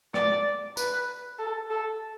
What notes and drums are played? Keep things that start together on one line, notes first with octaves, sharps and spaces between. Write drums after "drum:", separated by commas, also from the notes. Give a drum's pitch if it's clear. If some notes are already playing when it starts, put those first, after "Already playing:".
D5, drum: rim click
B4, drum: tambourine
A4
A4